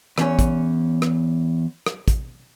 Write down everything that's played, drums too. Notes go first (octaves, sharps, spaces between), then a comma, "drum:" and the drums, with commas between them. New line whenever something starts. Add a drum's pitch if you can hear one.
E2 C#4, drum: rim click
drum: kick, hi-hat
drum: rim click
drum: rim click
drum: kick, hi-hat